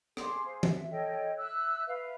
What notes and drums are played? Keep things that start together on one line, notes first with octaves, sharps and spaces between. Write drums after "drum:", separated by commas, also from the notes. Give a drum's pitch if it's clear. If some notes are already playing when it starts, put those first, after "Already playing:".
G#4 C6 D6, drum: rim click
G#4 C5 F5
E5, drum: tom E3
A4 C#5 D#5 G5
E5 E6 F#6
B4 E5 F5